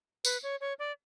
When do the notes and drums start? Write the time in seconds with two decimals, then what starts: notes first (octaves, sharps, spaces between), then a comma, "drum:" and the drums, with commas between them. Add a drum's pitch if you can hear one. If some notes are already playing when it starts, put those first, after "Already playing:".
0.25 B4, drum: tambourine
0.43 C#5
0.61 C#5
0.79 D5